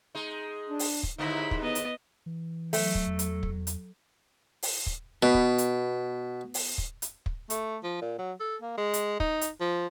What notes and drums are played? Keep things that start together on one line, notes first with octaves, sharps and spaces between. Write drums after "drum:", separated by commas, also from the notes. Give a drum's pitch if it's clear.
G#3 D#4
D4
drum: open hi-hat
drum: kick
D#2 G#2 D3 D#4 E4 B5
drum: kick
B3 D#5
drum: hi-hat
E3
F#3 A3, drum: open hi-hat
drum: kick
E2
drum: hi-hat
drum: kick
drum: hi-hat
drum: open hi-hat
drum: kick
B2 B3
drum: kick
drum: hi-hat
drum: open hi-hat
drum: kick
drum: hi-hat
drum: kick
A3, drum: hi-hat
F3
A#2
F#3
A4
A#3
G#3
drum: hi-hat
D#4, drum: kick
drum: hi-hat
F3